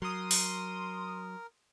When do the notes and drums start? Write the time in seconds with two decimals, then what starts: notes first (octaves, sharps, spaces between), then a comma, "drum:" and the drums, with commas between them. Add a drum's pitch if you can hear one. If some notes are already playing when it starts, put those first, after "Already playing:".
0.02 F#3 A#4 C6 D#6
0.31 drum: open hi-hat